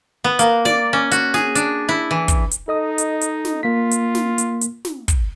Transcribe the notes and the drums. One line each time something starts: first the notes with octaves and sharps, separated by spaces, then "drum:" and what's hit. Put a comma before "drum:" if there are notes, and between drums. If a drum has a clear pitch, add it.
B3
A#3, drum: hi-hat
D5, drum: snare
C#4
F#4, drum: hi-hat
G#4, drum: snare
D4, drum: hi-hat
E4
E3
drum: kick, hi-hat
drum: hi-hat
D#4 A4 D#5 D#6
drum: hi-hat
drum: hi-hat
drum: snare
A#3 F4 B6
drum: hi-hat
drum: snare
drum: hi-hat
drum: hi-hat
drum: snare
drum: kick, hi-hat